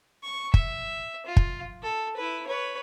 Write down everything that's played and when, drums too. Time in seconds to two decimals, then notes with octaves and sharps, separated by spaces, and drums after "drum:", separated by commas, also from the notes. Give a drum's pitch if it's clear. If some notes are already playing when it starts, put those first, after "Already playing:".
0.23 C#6
0.54 E5, drum: kick
1.26 F4
1.37 drum: kick
1.83 A4
2.17 E4 B4
2.47 B4 C#5